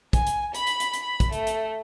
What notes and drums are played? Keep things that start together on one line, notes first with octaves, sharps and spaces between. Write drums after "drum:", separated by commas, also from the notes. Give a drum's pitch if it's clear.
G#5, drum: kick, hi-hat
drum: hi-hat
B5, drum: hi-hat
drum: hi-hat
drum: hi-hat
drum: hi-hat
B5
drum: kick, hi-hat
A3, drum: hi-hat
drum: hi-hat